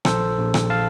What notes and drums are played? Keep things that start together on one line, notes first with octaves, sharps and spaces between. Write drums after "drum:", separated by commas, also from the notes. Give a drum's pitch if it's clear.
A#1 A4 C5, drum: rim click
A#1
drum: rim click
F5 A5